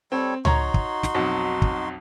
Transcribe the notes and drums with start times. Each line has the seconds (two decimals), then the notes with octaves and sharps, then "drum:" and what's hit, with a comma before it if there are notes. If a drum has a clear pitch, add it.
0.12 G3 C4 A4 C#5
0.45 D#4 F#4 C#5 A#5 C6, drum: tom C#2
0.74 drum: kick
1.03 drum: snare
1.14 B1 F2 F#3
1.62 drum: kick